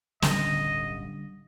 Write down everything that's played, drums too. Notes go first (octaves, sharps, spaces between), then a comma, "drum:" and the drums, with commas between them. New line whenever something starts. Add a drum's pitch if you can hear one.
D1 B1 D3 G3 C#4 D#5, drum: snare